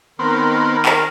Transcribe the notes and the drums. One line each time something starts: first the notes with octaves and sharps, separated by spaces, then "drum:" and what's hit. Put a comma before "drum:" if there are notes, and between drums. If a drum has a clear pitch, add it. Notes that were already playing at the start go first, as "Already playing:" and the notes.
D#3 B3 C4 A#4
drum: clap